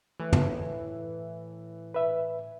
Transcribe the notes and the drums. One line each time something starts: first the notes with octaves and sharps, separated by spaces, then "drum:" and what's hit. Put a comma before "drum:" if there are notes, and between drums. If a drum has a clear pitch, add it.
A2 E3
drum: tom
B4 E5